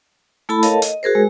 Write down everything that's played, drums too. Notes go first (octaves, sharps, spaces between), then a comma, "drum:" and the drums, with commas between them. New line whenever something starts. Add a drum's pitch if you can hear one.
A3 E4 A4 A5 B5
A4 A#4 C#5 D#5 F5 A5, drum: hi-hat
D#5, drum: hi-hat
F#4 G#4 A#4 C5
G#3